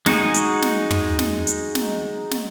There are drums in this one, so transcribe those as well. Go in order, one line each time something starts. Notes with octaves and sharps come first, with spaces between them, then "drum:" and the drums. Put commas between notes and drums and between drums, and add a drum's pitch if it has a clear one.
G#3 D#4 F#4 G#4, drum: snare
drum: hi-hat
drum: snare
drum: tom
drum: snare
drum: hi-hat
drum: snare
drum: snare